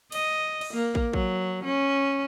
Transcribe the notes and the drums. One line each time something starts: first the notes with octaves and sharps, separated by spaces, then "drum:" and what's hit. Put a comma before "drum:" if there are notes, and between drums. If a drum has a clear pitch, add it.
D#5, drum: cymbal
drum: cymbal
A#3
drum: kick
F#3, drum: kick
C#4